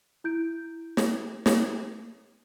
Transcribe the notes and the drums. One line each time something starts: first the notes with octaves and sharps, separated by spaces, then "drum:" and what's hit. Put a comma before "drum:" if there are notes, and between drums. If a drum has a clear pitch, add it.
E4 G6 D7
drum: snare
drum: snare